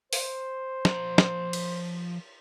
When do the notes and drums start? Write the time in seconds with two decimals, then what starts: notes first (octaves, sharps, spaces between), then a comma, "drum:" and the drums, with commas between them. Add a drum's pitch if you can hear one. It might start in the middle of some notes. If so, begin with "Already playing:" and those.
0.13 C5, drum: open hi-hat
0.85 F3 A#5, drum: snare
1.18 drum: snare
1.53 drum: cymbal